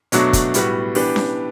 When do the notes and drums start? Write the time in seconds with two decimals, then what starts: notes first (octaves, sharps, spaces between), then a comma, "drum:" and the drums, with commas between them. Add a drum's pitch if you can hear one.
0.12 B2 F#3 A3 D4 F#4, drum: hi-hat
0.33 drum: kick, hi-hat
0.54 A2 G3 B3 F#4, drum: hi-hat
0.95 E3 B3 D4 G4, drum: open hi-hat
1.16 drum: snare C#4